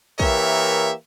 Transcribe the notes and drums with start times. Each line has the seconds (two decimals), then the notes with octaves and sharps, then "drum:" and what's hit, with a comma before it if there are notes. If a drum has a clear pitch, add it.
0.20 E3 A#3 G4 A#4 C#5 E5, drum: kick